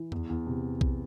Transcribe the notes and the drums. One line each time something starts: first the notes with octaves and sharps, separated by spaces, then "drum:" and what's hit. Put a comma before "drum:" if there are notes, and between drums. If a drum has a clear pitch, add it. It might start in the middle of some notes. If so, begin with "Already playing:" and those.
Already playing: E3
E2, drum: tom F2
E2
C3
drum: kick B1